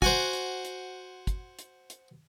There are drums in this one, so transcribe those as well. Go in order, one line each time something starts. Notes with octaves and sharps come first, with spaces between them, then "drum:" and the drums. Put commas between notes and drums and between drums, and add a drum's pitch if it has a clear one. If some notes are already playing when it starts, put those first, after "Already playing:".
F#4 C5 F#5 G#5, drum: kick
drum: hi-hat
drum: hi-hat
drum: kick, hi-hat
drum: hi-hat
drum: hi-hat